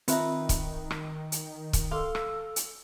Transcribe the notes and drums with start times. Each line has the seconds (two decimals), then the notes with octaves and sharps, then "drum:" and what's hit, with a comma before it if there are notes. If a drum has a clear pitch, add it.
0.08 D#3 C4 F4 B4 E5 A#5, drum: hi-hat
0.49 drum: kick, hi-hat
0.91 drum: rim click
1.32 drum: hi-hat
1.73 drum: kick, hi-hat
1.91 A4 F5 C6 D6
2.15 drum: rim click
2.56 drum: hi-hat